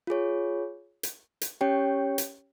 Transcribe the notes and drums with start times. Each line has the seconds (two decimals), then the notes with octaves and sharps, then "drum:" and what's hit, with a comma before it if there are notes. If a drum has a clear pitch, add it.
0.07 F4 G#4 C#5
1.03 drum: hi-hat
1.41 drum: hi-hat
1.61 C#4 G4 C#5 G5
2.18 drum: hi-hat